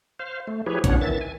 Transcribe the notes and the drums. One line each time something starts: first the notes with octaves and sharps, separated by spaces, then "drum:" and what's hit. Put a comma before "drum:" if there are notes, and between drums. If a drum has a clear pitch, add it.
C5 F5
A3
F3 E4 G4 G#4 B4 C#5
A2 B3 C#4 D4 C#5 F#5, drum: kick A#1, hi-hat
D#3 E3 E5 A6
G#5